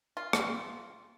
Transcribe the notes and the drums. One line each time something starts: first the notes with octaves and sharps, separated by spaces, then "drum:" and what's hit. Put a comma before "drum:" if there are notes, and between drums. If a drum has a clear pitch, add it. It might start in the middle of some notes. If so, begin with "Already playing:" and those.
F4
drum: rim click